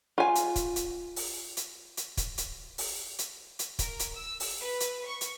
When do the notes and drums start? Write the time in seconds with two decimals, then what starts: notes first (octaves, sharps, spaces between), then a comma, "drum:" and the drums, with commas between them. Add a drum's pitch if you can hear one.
0.18 F4 G#5
0.35 drum: hi-hat
0.56 drum: kick, hi-hat
0.76 drum: hi-hat
1.16 drum: open hi-hat
1.57 drum: hi-hat
1.97 drum: hi-hat
2.17 drum: kick, hi-hat
2.38 drum: hi-hat
2.78 drum: open hi-hat
3.19 drum: hi-hat
3.59 drum: hi-hat
3.79 A#4, drum: kick, hi-hat
3.99 drum: hi-hat
4.14 E6
4.40 drum: open hi-hat
4.60 B4
4.80 drum: hi-hat
5.05 C#6
5.21 drum: hi-hat